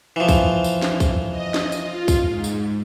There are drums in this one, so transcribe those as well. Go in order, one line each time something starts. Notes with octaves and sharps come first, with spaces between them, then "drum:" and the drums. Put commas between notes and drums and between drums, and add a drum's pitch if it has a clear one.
E3 F3
drum: kick, tambourine
drum: tambourine
drum: snare
drum: kick, tambourine
D#5
drum: snare
drum: tambourine
F4
drum: kick, tambourine
G#2
drum: tambourine